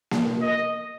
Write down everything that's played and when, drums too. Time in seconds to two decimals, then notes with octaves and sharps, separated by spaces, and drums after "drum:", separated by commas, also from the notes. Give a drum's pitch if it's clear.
0.11 drum: snare A#3
0.41 D#5